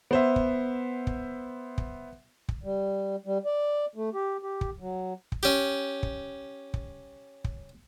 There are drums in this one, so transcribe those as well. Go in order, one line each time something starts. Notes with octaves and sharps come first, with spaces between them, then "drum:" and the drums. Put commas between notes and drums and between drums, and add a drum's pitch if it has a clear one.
B3 C5 E5
drum: kick
drum: kick
drum: kick
drum: kick
G3
G3
D5
A3
G4
G4
drum: kick
F#3
drum: kick
C#4 G4
drum: kick
drum: kick
drum: kick